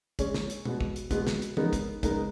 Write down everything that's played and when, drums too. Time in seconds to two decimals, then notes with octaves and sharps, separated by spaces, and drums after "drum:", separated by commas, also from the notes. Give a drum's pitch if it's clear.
0.19 G#3 C#4 G#4 C#5, drum: kick, hi-hat
0.34 drum: snare
0.50 drum: hi-hat
0.65 B2 G#3 B3, drum: tom
0.81 drum: kick
0.96 drum: hi-hat
1.11 B2 G#3 B3, drum: kick, hi-hat
1.27 drum: snare
1.42 drum: hi-hat
1.57 C#3 G#3 B3 D#4 A#4, drum: tom
1.73 drum: kick, hi-hat
2.03 C#3 G#3 B3 D#4 A#4, drum: kick, hi-hat